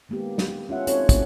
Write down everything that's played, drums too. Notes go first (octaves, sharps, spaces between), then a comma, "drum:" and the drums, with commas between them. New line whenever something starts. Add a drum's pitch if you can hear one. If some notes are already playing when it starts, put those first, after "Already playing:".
D#3 G#3 A#3 B3 G4
drum: snare
C#4 F4 E5 F#5
C4 D#4 F4 F#4 A4 C#5, drum: hi-hat
A3 A#3 C4 D#4, drum: kick, hi-hat